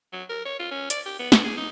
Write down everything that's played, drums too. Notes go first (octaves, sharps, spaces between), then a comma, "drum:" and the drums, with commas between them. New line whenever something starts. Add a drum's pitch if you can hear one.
F#3
A#4
C#5
F4
C#4
D5, drum: hi-hat
G4
B3
B3, drum: snare
G#4
D#4